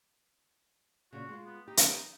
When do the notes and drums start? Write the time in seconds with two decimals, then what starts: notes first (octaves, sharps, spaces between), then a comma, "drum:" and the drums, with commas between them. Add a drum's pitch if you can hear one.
1.13 A#2 C#3 F#4
1.29 G#3 F4
1.46 B3
1.68 D#4 G4
1.77 drum: hi-hat